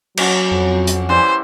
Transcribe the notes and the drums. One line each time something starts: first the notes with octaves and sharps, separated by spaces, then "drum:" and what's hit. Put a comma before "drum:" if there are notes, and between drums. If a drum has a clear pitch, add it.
F#3 A#3 C#4 F#4, drum: cymbal
F2
drum: hi-hat
E3 G3 E4 C5